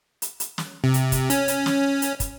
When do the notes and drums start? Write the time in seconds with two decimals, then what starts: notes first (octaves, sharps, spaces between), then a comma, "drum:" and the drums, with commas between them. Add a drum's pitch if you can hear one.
0.22 drum: hi-hat
0.40 drum: hi-hat
0.58 drum: snare
0.84 C3
0.94 drum: hi-hat
1.12 drum: kick, hi-hat
1.30 C#4, drum: hi-hat
1.48 drum: hi-hat
1.66 drum: snare
2.02 drum: hi-hat
2.20 drum: kick, hi-hat